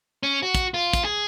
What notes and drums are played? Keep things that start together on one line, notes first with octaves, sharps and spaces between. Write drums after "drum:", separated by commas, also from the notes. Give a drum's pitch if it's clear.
C#4
F#4
drum: kick, hi-hat
F4
drum: kick, hi-hat
G#4